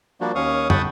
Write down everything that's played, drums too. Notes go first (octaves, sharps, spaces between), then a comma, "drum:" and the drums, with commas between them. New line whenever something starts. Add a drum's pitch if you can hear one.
F3 G3 A#3 D4 F#4
D#2 C#4 F5 C#6 D#6
F#5 G5 A5 B5 C#6 D#6, drum: tom